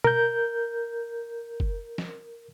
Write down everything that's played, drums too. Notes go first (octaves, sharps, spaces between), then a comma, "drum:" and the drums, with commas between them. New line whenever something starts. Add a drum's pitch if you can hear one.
A#4 G6, drum: tom
drum: kick
drum: snare